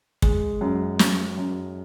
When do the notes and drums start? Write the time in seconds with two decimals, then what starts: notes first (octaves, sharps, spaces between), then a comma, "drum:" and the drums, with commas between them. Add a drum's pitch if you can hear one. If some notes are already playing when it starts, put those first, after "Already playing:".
0.22 G#3, drum: kick
0.61 F#2
0.99 F#2, drum: snare
1.38 F#2